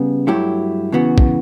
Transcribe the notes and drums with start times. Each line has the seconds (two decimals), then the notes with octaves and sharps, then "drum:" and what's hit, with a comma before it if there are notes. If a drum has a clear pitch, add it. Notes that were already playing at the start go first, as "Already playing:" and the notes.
Already playing: C#3 G3 B3
0.27 G2 F#3 A3 E4 G4
0.92 C#3 E3 B3 F#4
1.18 drum: kick